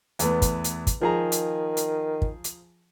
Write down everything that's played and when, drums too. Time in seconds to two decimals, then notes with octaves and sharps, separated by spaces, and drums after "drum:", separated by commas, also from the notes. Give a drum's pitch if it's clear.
0.19 E2 A3 B3, drum: hi-hat
0.42 drum: kick, hi-hat
0.64 drum: hi-hat
0.87 drum: kick, hi-hat
1.01 D#3 F3 G#4 A#5
1.32 drum: hi-hat
1.77 drum: hi-hat
2.22 drum: kick
2.44 drum: hi-hat